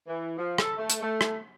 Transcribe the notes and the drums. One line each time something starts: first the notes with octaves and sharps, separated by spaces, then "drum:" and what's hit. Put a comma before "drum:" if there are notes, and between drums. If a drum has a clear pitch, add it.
E3
F3
A4, drum: rim click
A3
drum: hi-hat
A3
drum: rim click